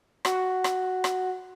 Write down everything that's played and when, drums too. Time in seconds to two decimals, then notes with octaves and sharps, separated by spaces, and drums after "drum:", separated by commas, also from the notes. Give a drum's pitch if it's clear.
0.25 F#4, drum: rim click
0.64 drum: rim click
1.04 drum: rim click